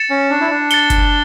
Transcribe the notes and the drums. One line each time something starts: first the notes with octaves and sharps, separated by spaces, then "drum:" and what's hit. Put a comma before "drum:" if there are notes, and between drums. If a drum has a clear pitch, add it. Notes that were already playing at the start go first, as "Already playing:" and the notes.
Already playing: A6 C#7 E7
C#4
D4
E4
D4
A6 C#7 G7, drum: hi-hat
drum: kick F#1, hi-hat